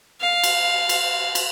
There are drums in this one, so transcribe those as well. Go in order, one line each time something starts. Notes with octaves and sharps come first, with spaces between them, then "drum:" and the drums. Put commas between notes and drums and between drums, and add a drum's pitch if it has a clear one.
F5
drum: cymbal
drum: cymbal
drum: cymbal